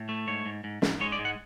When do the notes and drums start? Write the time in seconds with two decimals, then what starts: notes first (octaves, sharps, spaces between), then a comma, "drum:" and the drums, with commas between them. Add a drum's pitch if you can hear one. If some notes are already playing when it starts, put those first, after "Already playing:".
Already playing: A2
0.09 A3
0.27 G#2 C#5
0.46 G#2
0.64 G#2
0.82 G#2, drum: snare
1.00 G#3 C#5
1.12 D5
1.19 G#2
1.25 F#5